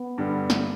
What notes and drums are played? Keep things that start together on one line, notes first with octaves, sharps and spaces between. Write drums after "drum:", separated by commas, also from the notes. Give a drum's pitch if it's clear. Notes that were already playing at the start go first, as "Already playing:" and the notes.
Already playing: B3
G2 D3 G3
drum: snare